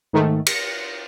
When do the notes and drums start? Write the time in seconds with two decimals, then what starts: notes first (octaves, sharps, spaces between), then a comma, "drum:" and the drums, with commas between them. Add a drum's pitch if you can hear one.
0.13 G#2 D#3 A3
0.46 A#6 C#7, drum: cymbal